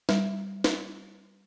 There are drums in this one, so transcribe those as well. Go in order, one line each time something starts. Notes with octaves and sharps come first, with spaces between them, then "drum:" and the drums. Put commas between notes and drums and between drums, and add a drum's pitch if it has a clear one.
G3, drum: snare
drum: snare